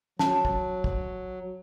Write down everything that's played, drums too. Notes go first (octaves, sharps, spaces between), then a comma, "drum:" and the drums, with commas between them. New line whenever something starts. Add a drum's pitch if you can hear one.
F#3 A5, drum: snare
drum: kick
drum: kick